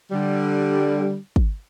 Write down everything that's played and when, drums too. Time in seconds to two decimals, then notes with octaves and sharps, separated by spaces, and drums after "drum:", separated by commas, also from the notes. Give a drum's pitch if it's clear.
0.11 D3 G3
1.36 drum: kick